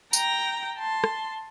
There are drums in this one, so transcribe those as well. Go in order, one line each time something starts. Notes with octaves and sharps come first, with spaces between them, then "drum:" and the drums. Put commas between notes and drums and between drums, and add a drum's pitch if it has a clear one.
G5 A#5, drum: tambourine
A5 C6
drum: rim click